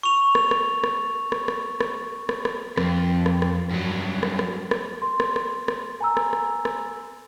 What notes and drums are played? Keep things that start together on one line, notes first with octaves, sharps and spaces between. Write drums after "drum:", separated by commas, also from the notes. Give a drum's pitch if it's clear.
C#6 F7
drum: rim click
drum: rim click
drum: rim click
drum: rim click
drum: rim click
drum: rim click
drum: rim click
drum: rim click
F2, drum: rim click
drum: rim click
drum: rim click
G2 F#3
drum: rim click
drum: rim click
drum: rim click
C6
drum: rim click
drum: rim click
drum: rim click
G#5 A#5 E6
drum: rim click
drum: rim click
drum: rim click